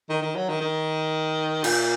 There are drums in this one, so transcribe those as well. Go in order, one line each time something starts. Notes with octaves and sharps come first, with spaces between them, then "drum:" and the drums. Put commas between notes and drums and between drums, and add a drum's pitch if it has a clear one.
D#3
D#3
F#3
D#3
D#3
A#2, drum: cymbal